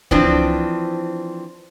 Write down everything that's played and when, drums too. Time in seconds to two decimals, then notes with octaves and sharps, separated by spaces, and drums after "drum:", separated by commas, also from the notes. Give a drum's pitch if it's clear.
0.11 E3 F3 C4 D4, drum: kick C#2